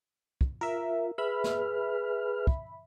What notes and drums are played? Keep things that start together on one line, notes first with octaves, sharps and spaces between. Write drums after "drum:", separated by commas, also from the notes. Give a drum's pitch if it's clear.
drum: kick
F4 A#4 E5
G#4 B4 E5 B5 F6
drum: snare
drum: kick